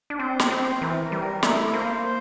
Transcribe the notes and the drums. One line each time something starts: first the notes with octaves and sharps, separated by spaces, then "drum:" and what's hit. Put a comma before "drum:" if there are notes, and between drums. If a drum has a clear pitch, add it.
D4
C4 C5
drum: snare
C4 C5
E3 A#4
G3 A#4
A3 E4, drum: snare
A#3 C5
C5